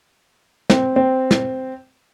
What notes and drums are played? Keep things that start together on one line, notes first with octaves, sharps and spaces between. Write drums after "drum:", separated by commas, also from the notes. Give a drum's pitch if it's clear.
C4, drum: snare
C4
drum: snare